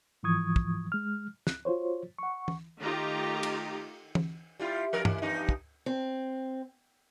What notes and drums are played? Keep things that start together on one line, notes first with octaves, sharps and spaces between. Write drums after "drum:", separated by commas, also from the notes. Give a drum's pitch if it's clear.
G#2 E3 F3 C#6 D#6 G#6
drum: kick
G#3 F6
F#6, drum: snare
F4 F#4 C5 C#5
F#5 C#6
drum: tom E3
D#3 A3 D#4 F4 G4 A#5
drum: cymbal
drum: tom E3
G3 E4 F4
G2 F3 A#4
G#2, drum: tom G2
E2 G2 D#4
drum: kick
C4